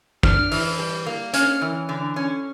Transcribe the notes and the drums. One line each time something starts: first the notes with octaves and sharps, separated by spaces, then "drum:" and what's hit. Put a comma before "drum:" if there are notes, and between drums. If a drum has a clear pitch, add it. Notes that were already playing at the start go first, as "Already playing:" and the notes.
D4 F6, drum: kick
E3, drum: open hi-hat
G3
A#3
C#4 F6, drum: hi-hat
E3
D3
C#4